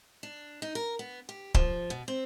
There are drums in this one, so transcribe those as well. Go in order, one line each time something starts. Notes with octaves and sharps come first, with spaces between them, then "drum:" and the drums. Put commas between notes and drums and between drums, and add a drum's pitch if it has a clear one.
D4
D#4
A#4
B3
G4
F3, drum: kick C#1
B2
C4